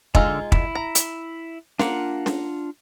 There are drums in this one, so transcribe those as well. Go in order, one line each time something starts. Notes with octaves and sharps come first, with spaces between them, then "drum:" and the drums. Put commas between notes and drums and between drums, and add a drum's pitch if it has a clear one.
D3 G#3 D#4 F4 E6 F6, drum: kick
E4, drum: kick
A#5
drum: hi-hat
A#3 D4 F4 F#5, drum: snare
drum: snare